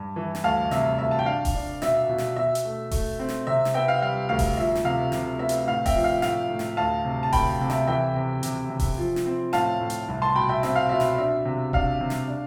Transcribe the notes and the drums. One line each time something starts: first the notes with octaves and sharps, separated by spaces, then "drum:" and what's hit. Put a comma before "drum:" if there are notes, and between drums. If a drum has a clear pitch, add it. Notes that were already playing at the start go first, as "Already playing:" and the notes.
Already playing: G2
E3
drum: snare
D2 F5 A5
C3 E5, drum: snare
D2 E5
A5
G5
D4 F5
drum: kick D#1, open hi-hat
D4
B2 E5, drum: snare
B2
drum: snare
B2 E5
drum: hi-hat
A3
A3, drum: kick D#1, open hi-hat
C4
drum: snare
C3 E5
drum: snare
B3 E5 G5
F5
G3 F5
D2 F5
drum: kick D#1, open hi-hat
F3 E5
drum: snare
C3 F5
C3, drum: snare
B3 E5
drum: hi-hat
A2 F5
E5 G5, drum: kick D#1, open hi-hat
F3
F5
A2 F5, drum: snare
A2
drum: snare
D2 F5 A5
C3
A5
D2 G5 B5, drum: kick D#1, open hi-hat
C3
E5, drum: snare
E3 E5 G5
C3
C3, drum: hi-hat
C3
drum: kick D#1, open hi-hat
F3
drum: snare
C4
A2 F5 A5, drum: snare
A2
drum: hi-hat
C2
A5 C6
B2 G5 B5
E5 G5
C4 E5, drum: snare
F5
B2 E5
drum: snare
D4 E5
C3
D4 F5, drum: kick D#1
C3
drum: snare
D4